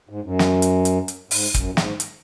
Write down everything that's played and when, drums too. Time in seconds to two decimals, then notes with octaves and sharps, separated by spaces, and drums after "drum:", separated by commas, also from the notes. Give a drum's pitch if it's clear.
0.09 G#2
0.23 F#2
0.39 drum: snare
0.62 drum: hi-hat
0.85 drum: hi-hat
1.08 drum: hi-hat
1.31 G#2, drum: open hi-hat
1.54 F#2, drum: kick, hi-hat
1.69 A#2
1.77 G#2, drum: snare
2.00 drum: hi-hat